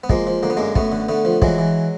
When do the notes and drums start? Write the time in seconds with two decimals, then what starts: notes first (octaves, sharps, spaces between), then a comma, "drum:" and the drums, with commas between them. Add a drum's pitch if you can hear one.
0.04 B3
0.09 F3 G#3 A#3, drum: kick
0.27 F3
0.43 D3 A#3
0.50 B3
0.57 F#2 G#3 A#3
0.75 F#2 A3 B3, drum: kick
0.92 D3
1.08 D3 A3 B3
1.25 F3
1.42 E3 F#3 G#3, drum: kick
1.58 E3